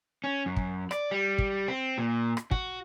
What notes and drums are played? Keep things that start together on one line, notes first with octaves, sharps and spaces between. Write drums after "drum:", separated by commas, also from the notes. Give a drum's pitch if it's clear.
C#4
F#2
drum: kick
D5, drum: rim click
G3
drum: kick
C4
A#2
drum: rim click
F#4, drum: kick